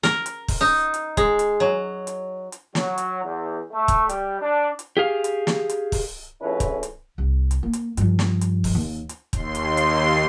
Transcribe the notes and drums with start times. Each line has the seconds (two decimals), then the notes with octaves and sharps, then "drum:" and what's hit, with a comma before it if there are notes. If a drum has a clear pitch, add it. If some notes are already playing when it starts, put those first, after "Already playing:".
0.03 A#4, drum: snare
0.26 drum: hi-hat
0.48 drum: kick, open hi-hat
0.61 D#4
0.94 drum: hi-hat
1.17 G#3, drum: kick, hi-hat
1.39 drum: hi-hat
1.60 F#3
2.07 drum: hi-hat
2.52 drum: hi-hat
2.75 F#3, drum: snare
2.98 drum: hi-hat
3.23 E2
3.72 A3
3.88 drum: kick, hi-hat
4.09 G3, drum: hi-hat
4.41 D4
4.79 drum: hi-hat
4.97 G4 G#4 F5
5.24 drum: hi-hat
5.47 drum: snare
5.69 drum: hi-hat
5.92 drum: kick, open hi-hat
6.42 A#1 F2 A2 C#4 E4 B4
6.60 drum: kick, hi-hat
6.83 drum: hi-hat
7.18 C2
7.51 drum: hi-hat
7.63 A#3
7.73 drum: hi-hat
7.97 G2 F3, drum: hi-hat
8.19 drum: snare
8.41 drum: hi-hat
8.64 drum: kick, open hi-hat
8.75 D#2
9.09 drum: hi-hat
9.33 D#2 C6, drum: kick, hi-hat
9.55 drum: hi-hat
9.77 drum: hi-hat